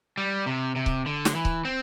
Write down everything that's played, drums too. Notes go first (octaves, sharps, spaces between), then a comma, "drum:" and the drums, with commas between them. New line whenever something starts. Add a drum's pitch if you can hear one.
G3
C3
C3
drum: kick C#1
D3
drum: snare
E3
drum: kick C#1
C4